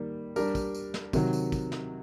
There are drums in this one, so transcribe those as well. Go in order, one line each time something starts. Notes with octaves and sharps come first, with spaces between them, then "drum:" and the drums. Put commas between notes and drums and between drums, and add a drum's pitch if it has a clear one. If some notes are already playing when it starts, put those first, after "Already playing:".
Already playing: D#3 G3 A#3
G3 D4 G4 A#4, drum: tambourine
drum: kick, tambourine
drum: tambourine
drum: snare
C3 D#3 F#3, drum: kick, tambourine
drum: tambourine
drum: kick, tambourine
drum: snare